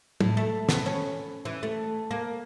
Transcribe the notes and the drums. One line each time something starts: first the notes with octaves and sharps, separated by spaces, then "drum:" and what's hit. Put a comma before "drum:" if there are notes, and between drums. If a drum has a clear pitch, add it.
A2, drum: tom
A3
B3, drum: snare
C#4
E3
A3
A#3